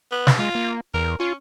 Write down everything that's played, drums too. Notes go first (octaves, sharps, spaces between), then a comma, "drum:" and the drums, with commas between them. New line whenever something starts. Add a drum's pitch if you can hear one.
B3
drum: snare
G#3 F4
A#3
E2 A#4
C#4 F4